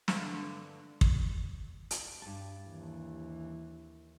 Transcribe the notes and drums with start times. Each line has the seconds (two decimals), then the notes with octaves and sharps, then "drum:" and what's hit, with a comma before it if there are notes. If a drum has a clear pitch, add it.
0.08 G2 D3, drum: snare
1.01 drum: kick
1.91 drum: hi-hat
2.22 G2 A5
2.68 D#2 E3